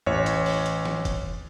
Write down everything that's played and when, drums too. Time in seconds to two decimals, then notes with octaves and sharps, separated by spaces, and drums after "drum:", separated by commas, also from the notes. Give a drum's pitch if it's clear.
0.06 A1 C#5, drum: tom E2
0.26 drum: hi-hat
0.46 drum: open hi-hat
0.66 drum: hi-hat
0.85 drum: snare
1.05 drum: kick F1, hi-hat